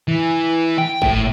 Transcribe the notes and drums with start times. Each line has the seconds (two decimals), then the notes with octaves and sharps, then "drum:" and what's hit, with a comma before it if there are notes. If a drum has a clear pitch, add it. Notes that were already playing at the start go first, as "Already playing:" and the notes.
0.08 E3
0.78 G5
1.02 A2, drum: kick G1